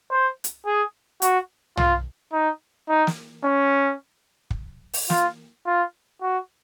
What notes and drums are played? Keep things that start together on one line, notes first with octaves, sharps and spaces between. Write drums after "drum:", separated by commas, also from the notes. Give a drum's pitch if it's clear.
C5
drum: hi-hat
G#4
F#4, drum: hi-hat
F4, drum: tom
D#4
D#4
drum: snare
C#4
drum: kick
drum: open hi-hat
F4, drum: snare
F4
F#4